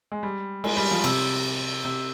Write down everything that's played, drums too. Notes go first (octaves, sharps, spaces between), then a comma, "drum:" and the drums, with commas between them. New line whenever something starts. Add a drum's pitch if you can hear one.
G#3
G3
G#3, drum: cymbal
G3
F3
C3, drum: cymbal
C3